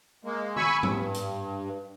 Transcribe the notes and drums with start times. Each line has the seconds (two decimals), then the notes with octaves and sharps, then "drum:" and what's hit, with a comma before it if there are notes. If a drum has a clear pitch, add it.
0.25 G#3 A#3
0.56 G#5 B5 C#6 E6, drum: tom D#3
0.83 G2, drum: tom
1.14 drum: hi-hat